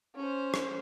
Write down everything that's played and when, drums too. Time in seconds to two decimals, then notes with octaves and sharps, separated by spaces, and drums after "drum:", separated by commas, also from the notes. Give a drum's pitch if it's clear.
0.16 C#4 C5
0.54 drum: rim click